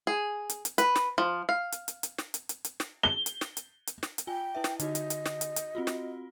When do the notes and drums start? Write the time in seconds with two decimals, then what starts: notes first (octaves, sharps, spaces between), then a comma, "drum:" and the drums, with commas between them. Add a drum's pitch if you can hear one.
0.07 G#4
0.50 drum: hi-hat
0.65 drum: hi-hat
0.78 B4, drum: hi-hat
0.96 drum: snare
1.18 F3
1.49 F5
1.72 drum: hi-hat
1.88 drum: hi-hat
2.03 drum: hi-hat
2.18 drum: snare
2.34 drum: hi-hat
2.49 drum: hi-hat
2.65 drum: hi-hat
2.80 drum: snare
3.03 G7
3.26 drum: hi-hat
3.41 drum: snare
3.57 drum: hi-hat
3.87 drum: hi-hat
4.03 drum: snare
4.18 drum: hi-hat
4.27 F4 G5 G#5 G7
4.55 E4 B4 E5
4.64 drum: snare
4.80 D3 D#4 F#4 D#5, drum: hi-hat
4.95 drum: hi-hat
5.10 drum: hi-hat
5.26 drum: snare
5.41 drum: hi-hat
5.56 drum: hi-hat
5.75 C4 F4 F#4
5.87 drum: snare